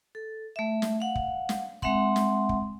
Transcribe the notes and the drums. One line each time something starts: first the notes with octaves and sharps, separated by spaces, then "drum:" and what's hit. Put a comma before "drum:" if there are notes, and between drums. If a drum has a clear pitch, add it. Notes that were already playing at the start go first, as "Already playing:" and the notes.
A4
A3 E5
drum: snare
F5 F#5
drum: kick
drum: snare
G#3 C4 E5 F#5 C6, drum: kick
drum: snare
drum: kick